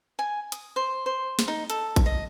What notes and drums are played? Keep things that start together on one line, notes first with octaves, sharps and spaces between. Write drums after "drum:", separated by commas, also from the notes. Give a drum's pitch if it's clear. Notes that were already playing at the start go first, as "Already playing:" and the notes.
G#5
D#6, drum: hi-hat
C5
C5
drum: snare
D#4
A4, drum: hi-hat
drum: kick A1, hi-hat
D#5